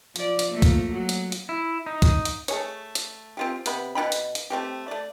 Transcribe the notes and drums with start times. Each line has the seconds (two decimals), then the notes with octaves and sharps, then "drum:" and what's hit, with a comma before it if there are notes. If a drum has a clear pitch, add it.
0.16 F3 D5, drum: hi-hat
0.39 drum: hi-hat
0.51 F3 A3 A#3
0.62 drum: kick, hi-hat
0.93 F#3
1.09 drum: hi-hat
1.32 drum: hi-hat
1.49 E4
1.86 D#4
2.02 drum: kick, hi-hat
2.25 drum: hi-hat
2.48 A3 G#4 C#5, drum: hi-hat
2.95 drum: hi-hat
3.37 C4 F4 G4
3.66 C3 B3 B5, drum: hi-hat
3.95 B2 F4 G5 B5
4.12 drum: hi-hat
4.35 drum: hi-hat
4.50 A3 C4 G4
4.88 A3 D5